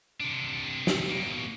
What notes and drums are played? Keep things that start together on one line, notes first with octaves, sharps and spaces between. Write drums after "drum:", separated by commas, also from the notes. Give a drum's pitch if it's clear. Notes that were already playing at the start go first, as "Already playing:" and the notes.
C3 D4
drum: snare
B2 A#3